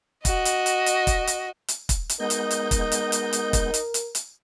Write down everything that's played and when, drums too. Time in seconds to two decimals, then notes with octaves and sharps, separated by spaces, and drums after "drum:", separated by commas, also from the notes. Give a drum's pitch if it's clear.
0.25 F#4 D#5, drum: kick, hi-hat
0.45 drum: hi-hat
0.66 drum: hi-hat
0.86 drum: hi-hat
1.07 drum: kick, hi-hat
1.27 drum: hi-hat
1.68 drum: hi-hat
1.89 drum: kick, hi-hat
2.10 drum: hi-hat
2.20 G#3 B3 D#4 A#4 D#5 G6
2.30 drum: hi-hat
2.51 drum: hi-hat
2.71 drum: kick, hi-hat
2.92 drum: hi-hat
3.12 drum: hi-hat
3.33 drum: hi-hat
3.53 drum: kick, hi-hat
3.74 drum: hi-hat
3.94 drum: hi-hat
4.15 drum: hi-hat